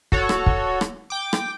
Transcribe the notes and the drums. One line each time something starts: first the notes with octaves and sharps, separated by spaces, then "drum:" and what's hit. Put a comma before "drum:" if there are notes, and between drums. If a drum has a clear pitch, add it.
F#4 A4 C#5, drum: kick
drum: rim click
drum: kick
drum: rim click
G5 D6
drum: rim click